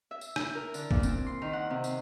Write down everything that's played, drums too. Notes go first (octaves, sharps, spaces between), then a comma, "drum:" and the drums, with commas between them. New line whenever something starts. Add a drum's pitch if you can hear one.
E5
drum: tambourine
E4, drum: rim click
A#4
D3, drum: tambourine
A#2, drum: kick A1
C4, drum: tambourine
C6
D#3
F#5
C3
drum: tambourine